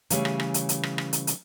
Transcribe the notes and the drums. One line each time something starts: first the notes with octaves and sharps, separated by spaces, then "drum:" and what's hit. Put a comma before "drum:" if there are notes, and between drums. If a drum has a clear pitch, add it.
C#3 E3 G3 A3 C#4, drum: hi-hat
drum: rim click
drum: rim click
drum: hi-hat
drum: hi-hat
drum: rim click
drum: rim click
drum: hi-hat
drum: hi-hat